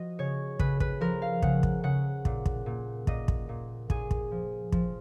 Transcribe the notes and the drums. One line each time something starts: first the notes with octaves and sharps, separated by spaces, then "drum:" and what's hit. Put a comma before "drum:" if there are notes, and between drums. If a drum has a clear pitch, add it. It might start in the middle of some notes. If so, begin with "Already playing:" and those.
Already playing: F3 F#4 D#5
C#3 C#5
C#3 B4, drum: kick
B4, drum: kick
F3 A#4
F5
C#3 F#5, drum: kick
drum: kick
C#3 F#5
A#2, drum: kick
drum: kick
A#2
A#2 D#5, drum: kick
drum: kick
A#2
A#2 G#4, drum: kick
drum: kick
F3
F3, drum: kick